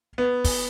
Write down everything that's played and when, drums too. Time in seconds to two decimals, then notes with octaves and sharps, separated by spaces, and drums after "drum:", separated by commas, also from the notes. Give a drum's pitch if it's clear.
0.18 B3
0.44 drum: kick, open hi-hat